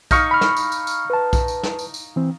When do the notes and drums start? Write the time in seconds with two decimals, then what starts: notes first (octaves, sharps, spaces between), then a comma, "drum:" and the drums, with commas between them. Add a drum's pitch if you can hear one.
0.11 D#4 F5 C#6, drum: kick B1, tambourine
0.31 B5 F6
0.41 drum: snare
0.57 drum: tambourine
0.72 drum: tambourine
0.87 drum: tambourine
1.10 B4 A5
1.33 drum: kick B1, tambourine
1.48 drum: tambourine
1.63 drum: snare
1.79 drum: tambourine
1.94 drum: tambourine
2.16 E3 C4